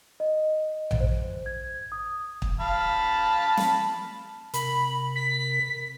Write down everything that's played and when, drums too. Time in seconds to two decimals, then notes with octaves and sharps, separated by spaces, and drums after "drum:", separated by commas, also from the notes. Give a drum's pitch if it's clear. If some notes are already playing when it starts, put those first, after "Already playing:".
0.20 D#5
0.91 drum: tom A#1
1.00 C5
1.46 G#6
1.92 D#6
2.42 drum: kick
2.61 F5 A5 B5
3.57 drum: snare
4.54 C3 A#4 B5, drum: hi-hat
5.15 B6